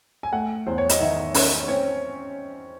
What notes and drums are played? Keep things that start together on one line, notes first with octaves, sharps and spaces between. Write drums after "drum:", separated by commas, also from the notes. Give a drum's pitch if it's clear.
G#5
A3 F#5
E2 C5
C#5
D#5, drum: hi-hat
D#3 E5
C#4, drum: open hi-hat
C4 C#5